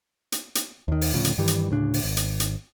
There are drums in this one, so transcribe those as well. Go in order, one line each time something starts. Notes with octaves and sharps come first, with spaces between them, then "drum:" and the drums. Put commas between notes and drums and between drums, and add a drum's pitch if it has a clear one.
drum: hi-hat
drum: hi-hat
D#2 D#3
drum: open hi-hat
D2 A2 C#3 F3
drum: hi-hat
G2 D#3 E3 G3
drum: hi-hat
D2 A2 C#3 D4
drum: open hi-hat
G#1
drum: hi-hat
drum: hi-hat